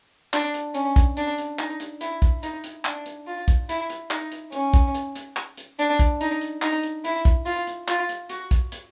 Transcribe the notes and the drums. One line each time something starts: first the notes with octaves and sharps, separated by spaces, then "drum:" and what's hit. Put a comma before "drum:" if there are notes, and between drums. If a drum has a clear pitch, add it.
D4, drum: clap
drum: hi-hat
C#4, drum: hi-hat
drum: kick, hi-hat
D4, drum: hi-hat
drum: hi-hat
D#4, drum: clap
drum: hi-hat
E4, drum: hi-hat
drum: kick, hi-hat
D#4, drum: hi-hat
drum: hi-hat
D4, drum: clap
drum: hi-hat
F4
drum: kick, hi-hat
E4, drum: hi-hat
drum: hi-hat
D#4, drum: clap
drum: hi-hat
C#4, drum: hi-hat
drum: kick, hi-hat
drum: hi-hat
drum: hi-hat
drum: clap
drum: hi-hat
D4, drum: hi-hat
drum: kick, hi-hat
D#4, drum: hi-hat
drum: hi-hat
D#4, drum: clap
drum: hi-hat
E4, drum: hi-hat
drum: kick, hi-hat
F4, drum: hi-hat
drum: hi-hat
F4, drum: clap
drum: hi-hat
F#4, drum: hi-hat
drum: kick, hi-hat
drum: hi-hat